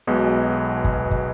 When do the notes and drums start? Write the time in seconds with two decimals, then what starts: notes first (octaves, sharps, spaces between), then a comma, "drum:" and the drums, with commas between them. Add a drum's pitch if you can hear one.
0.07 B1 B2 G#3 B3
0.84 drum: kick
1.11 drum: kick